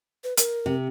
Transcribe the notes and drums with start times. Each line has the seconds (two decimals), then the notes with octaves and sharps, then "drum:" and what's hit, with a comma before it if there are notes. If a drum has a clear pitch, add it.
0.24 B4
0.37 A#4, drum: hi-hat
0.66 C3